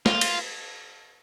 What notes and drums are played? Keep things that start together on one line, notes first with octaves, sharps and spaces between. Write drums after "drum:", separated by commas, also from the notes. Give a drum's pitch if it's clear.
F4, drum: snare
drum: cymbal